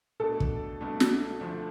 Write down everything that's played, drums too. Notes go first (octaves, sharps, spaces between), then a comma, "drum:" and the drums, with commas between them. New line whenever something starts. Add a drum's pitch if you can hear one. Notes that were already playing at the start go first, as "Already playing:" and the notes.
B2 A3 D4 A4
drum: kick
C2 B2 A3 D4
drum: snare
D2 D3 F3 A3 D4